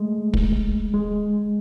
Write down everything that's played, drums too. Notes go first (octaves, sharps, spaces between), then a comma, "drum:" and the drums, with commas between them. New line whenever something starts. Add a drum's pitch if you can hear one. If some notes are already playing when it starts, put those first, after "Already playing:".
Already playing: G#3 A3
drum: kick
G#3